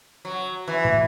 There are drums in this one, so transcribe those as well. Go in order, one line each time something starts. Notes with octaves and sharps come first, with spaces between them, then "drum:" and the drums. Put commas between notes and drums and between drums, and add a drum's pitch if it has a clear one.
F#3
E3
drum: tom